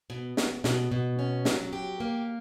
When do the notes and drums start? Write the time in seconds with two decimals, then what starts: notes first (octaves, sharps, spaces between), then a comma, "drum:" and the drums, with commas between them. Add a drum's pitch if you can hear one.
0.10 B2
0.37 B2, drum: snare
0.64 B2, drum: snare
0.92 B2
1.19 C#4
1.45 F#3, drum: snare
1.73 G4
2.00 A#3